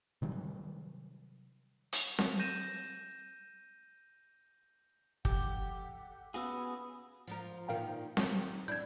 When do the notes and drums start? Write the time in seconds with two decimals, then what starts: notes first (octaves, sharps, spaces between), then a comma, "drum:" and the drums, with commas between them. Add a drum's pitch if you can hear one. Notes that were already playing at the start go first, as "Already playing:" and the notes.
0.22 C3 D#3 F#3 G3
1.93 drum: hi-hat
2.19 drum: snare C4
2.39 G6 A#6 D#7 E7
5.25 F2 G4 A4 F#5, drum: kick
6.34 B3 C#4 F#4 G#4 F5 B5 D#6 E6
7.27 F3 F4 A#4
7.69 A#2 D#3 F3 A#4 F5 G5
8.17 D#3 G4, drum: snare C4
8.68 D4 E4 G6 G#6